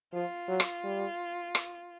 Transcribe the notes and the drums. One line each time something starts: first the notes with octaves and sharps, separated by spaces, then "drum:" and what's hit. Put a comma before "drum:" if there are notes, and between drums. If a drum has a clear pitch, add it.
F3 F4
F#3
drum: rim click
G3
drum: rim click